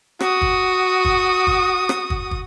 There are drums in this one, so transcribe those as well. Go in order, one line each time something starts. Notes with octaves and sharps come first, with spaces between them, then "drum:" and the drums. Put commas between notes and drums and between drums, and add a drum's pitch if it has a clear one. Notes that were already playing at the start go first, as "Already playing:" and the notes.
F#4 D#6, drum: rim click
drum: kick
drum: kick
drum: kick
drum: rim click
drum: kick
drum: kick